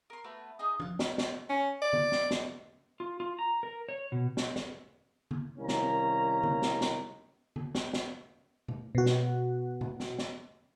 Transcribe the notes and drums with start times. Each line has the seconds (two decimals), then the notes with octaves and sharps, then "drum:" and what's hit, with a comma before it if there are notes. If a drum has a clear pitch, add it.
0.10 A#4 C6
0.24 A3 B3 F#4 B4
0.59 D#4 G#4 D#5
0.80 F5 F#5, drum: tom
0.99 drum: snare
1.18 drum: snare
1.50 C#4
1.82 D5
1.93 drum: tom D3
2.12 drum: snare
2.31 drum: snare
3.00 F4
3.20 F4
3.39 A#5
3.63 A#4
3.89 C#5
4.12 B2
4.37 drum: snare
4.56 drum: snare
5.31 drum: tom D3
5.58 C2 D#3 A#3 C#4 A#5
5.68 drum: snare
6.43 drum: tom D3
6.62 drum: snare
6.81 drum: snare
7.56 drum: tom D3
7.75 drum: snare
7.93 drum: snare
8.68 drum: tom B2
8.95 B2 F#4
9.06 drum: snare
9.81 drum: tom B2
10.00 drum: snare
10.18 drum: snare